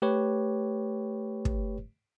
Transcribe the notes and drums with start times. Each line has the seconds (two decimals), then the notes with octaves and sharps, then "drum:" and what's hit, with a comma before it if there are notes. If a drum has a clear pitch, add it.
0.02 A3 G4 B4 C#5
1.45 drum: kick